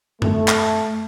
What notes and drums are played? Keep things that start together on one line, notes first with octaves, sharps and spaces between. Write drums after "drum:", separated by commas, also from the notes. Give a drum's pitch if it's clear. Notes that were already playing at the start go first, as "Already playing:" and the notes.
A3, drum: tom F#2
drum: clap